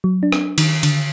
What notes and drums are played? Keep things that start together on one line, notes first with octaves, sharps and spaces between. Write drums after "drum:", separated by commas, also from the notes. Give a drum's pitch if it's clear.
F#3
D4
drum: rim click
D#3, drum: cymbal
D3, drum: cymbal